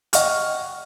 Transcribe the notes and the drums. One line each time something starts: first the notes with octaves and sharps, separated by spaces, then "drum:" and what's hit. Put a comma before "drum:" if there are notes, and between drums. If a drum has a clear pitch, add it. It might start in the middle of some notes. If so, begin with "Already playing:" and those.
D#5 F#5 G5 C#6 F6, drum: hi-hat